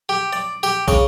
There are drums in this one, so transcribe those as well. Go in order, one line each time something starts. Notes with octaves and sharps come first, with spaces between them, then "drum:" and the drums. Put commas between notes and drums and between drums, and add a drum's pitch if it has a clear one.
G4
D5
G4, drum: tambourine
C#3, drum: kick, tambourine